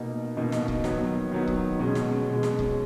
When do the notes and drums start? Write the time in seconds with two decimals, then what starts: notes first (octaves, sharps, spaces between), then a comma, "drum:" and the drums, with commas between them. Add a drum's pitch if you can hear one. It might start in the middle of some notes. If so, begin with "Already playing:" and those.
Already playing: B2 A#3 D#4
0.37 B2 A#3 D#4
0.52 drum: snare
0.68 drum: kick C#1
0.84 D#3 F#3 B3, drum: snare
1.31 D#3 F#3 B3
1.48 drum: kick C#1
1.79 B2 G#3 C#4
1.95 drum: snare
2.27 B2 G#3 C#4
2.43 drum: snare
2.59 drum: kick C#1